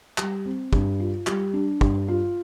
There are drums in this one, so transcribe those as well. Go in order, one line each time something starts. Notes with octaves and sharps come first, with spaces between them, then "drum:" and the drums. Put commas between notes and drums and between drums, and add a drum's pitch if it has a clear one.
G3, drum: clap
C4
G2, drum: kick
F4
G3, drum: clap
D4
G2, drum: kick
F4